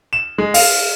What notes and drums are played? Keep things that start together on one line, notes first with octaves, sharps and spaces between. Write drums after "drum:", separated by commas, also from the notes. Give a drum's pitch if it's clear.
E7
G#3
F5, drum: open hi-hat